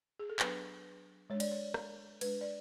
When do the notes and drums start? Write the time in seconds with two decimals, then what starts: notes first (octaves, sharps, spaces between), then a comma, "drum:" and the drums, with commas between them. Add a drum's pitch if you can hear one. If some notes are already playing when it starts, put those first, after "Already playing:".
0.19 G#4
0.30 A4
0.39 F#3 B3 D4 B4, drum: clap
1.30 G#3 D4 C#5
1.40 D5, drum: cymbal
1.52 C#5
1.74 drum: rim click
2.21 G#3 D4 B4, drum: cymbal
2.41 D5